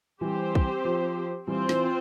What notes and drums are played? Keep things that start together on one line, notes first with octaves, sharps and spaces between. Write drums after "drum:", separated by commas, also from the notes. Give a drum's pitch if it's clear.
E3 G3 C4 G4 C5
drum: kick
F3
E3 G3 C4 F4 C5
E3, drum: snare